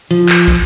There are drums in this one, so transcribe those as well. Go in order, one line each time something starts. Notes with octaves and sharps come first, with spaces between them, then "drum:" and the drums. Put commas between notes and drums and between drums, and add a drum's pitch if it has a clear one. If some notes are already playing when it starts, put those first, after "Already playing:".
F3, drum: hi-hat
drum: clap
drum: kick, hi-hat